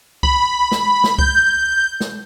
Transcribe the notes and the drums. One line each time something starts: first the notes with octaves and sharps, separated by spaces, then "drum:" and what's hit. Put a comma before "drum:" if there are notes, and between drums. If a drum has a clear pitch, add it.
B5, drum: kick C#2
drum: snare
drum: snare
G6, drum: kick C#2
drum: snare